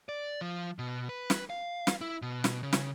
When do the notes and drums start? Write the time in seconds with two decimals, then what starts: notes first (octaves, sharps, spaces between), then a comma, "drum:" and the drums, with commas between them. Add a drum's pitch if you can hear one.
0.09 D5
0.41 F3
0.79 B2
1.09 B4
1.30 drum: snare
1.50 F5
1.87 drum: snare
2.01 E4
2.22 B2
2.44 drum: snare
2.63 C#3
2.73 drum: snare